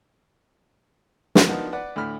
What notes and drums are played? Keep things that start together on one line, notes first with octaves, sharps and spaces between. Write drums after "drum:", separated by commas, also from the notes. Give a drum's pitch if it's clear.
drum: snare
F3 A#3 B3 D4 D#4 F#4
B4 D5 F#5
D2 A2 B5 F6